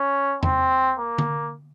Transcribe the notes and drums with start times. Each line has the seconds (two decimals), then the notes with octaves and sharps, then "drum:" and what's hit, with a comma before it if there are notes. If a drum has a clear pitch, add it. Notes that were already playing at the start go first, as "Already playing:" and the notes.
Already playing: C#4
0.43 C4, drum: tom
0.99 A#3
1.18 drum: tom D3